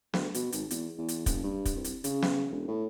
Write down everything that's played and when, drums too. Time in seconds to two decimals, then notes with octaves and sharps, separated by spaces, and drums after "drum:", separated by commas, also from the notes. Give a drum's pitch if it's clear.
0.14 D2, drum: snare
0.34 B2, drum: hi-hat
0.52 G#1, drum: hi-hat
0.71 E2, drum: hi-hat
0.98 E2
1.08 drum: hi-hat
1.26 F#1, drum: kick, hi-hat
1.43 G2
1.65 drum: kick, hi-hat
1.75 C2
1.84 drum: hi-hat
2.04 C#3, drum: hi-hat
2.22 drum: snare
2.50 E1
2.68 A2